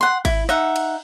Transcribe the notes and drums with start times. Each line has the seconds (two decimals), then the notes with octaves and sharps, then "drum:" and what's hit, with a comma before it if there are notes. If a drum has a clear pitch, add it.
0.01 F#5 C6
0.25 E4, drum: kick G#1, cymbal
0.49 D#4 E5 F#5, drum: rim click
0.76 drum: cymbal